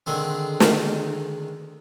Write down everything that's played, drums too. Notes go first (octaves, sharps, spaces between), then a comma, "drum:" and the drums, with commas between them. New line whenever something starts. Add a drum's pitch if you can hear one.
D3 D#3 G#3 C4
drum: snare